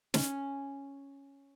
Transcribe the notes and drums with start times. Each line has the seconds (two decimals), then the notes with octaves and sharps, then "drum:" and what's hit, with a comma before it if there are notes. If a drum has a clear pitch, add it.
0.14 C#4, drum: snare